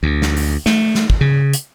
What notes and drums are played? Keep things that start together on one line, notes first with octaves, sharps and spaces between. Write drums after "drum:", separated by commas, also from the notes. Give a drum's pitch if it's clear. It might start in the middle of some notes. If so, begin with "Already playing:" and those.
D2
drum: snare
drum: open hi-hat
A3, drum: snare
drum: snare
drum: kick
C#3
drum: hi-hat